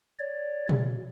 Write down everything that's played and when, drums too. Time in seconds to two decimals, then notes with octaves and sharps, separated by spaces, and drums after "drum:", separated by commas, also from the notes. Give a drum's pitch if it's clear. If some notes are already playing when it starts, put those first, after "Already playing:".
0.19 C#5 D5
0.69 B2, drum: tom A#2